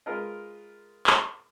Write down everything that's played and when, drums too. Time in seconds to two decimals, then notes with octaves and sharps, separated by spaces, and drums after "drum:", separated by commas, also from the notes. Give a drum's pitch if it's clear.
0.06 G#3 F4 A#4 B4 D#5
1.07 drum: clap